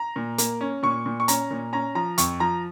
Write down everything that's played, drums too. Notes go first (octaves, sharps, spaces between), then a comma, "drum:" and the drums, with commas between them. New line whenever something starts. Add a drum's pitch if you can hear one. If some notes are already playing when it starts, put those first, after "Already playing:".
Already playing: A#5
A#2
A#3, drum: hi-hat
C#4
A#2 C#6
A#2
C#6
C#4 A#5, drum: hi-hat
A#2
C#4 A#5
F3 A#5
F2 C#6, drum: hi-hat
F3 A#5